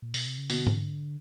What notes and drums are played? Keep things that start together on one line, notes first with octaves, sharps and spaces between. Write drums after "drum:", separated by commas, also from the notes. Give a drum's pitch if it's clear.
A#2
B2, drum: open hi-hat
C3
C#3
B2 D3, drum: open hi-hat
drum: tom G#2